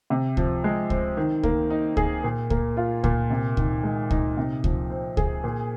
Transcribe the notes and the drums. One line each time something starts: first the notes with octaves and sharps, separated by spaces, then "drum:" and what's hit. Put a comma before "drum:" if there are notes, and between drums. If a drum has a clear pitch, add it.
C3
F3, drum: kick C#2
G#3
C4, drum: kick C#2
D#3
A#3, drum: kick C#2
D#4
G#4, drum: kick C#2
A#2
A#3, drum: kick C#2
F4
A#2, drum: kick C#2
C3
D#3, drum: kick C#2
G#3
D#4, drum: kick C#2
C3
F3, drum: kick C#2
C4
G#4, drum: kick C#2
A#2